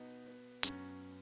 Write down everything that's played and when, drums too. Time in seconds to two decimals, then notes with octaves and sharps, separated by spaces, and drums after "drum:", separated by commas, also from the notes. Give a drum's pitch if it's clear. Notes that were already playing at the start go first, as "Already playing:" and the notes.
Already playing: B2 B3 D#4
0.26 B3
0.63 F#2 C#4, drum: hi-hat